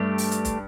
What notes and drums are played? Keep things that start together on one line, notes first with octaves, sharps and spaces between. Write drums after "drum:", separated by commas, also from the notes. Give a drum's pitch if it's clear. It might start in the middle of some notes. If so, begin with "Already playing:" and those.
Already playing: G2 G3 A3 D4 G4
drum: open hi-hat
drum: hi-hat
drum: kick, hi-hat